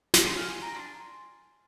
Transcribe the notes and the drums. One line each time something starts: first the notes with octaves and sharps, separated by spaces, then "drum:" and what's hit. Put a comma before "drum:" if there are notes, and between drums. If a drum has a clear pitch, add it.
drum: snare
D4 G#5 C6
F5 G#5
G4 G#5 C6
G5 A#5
D4 G#5 C6